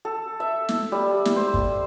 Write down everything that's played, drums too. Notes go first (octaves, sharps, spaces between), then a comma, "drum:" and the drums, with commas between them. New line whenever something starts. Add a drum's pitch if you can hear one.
A4
E5
drum: snare
G3
drum: snare
C5
drum: kick